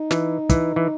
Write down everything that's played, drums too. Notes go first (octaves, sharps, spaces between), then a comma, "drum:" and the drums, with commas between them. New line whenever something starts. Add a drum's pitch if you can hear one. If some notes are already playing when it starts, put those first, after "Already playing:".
Already playing: D#4
E3, drum: snare
E3, drum: kick, hi-hat
E3